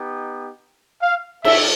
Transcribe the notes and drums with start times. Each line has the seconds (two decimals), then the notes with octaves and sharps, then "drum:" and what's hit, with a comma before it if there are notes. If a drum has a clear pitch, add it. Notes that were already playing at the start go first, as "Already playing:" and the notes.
Already playing: B3 D#4 G4
1.02 F5
1.44 E5, drum: cymbal